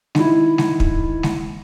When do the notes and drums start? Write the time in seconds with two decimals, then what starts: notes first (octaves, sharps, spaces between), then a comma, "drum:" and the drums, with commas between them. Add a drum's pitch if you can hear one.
0.15 D#3 E4, drum: snare G#3
0.58 drum: snare G#3
0.80 drum: kick
1.23 drum: snare G#3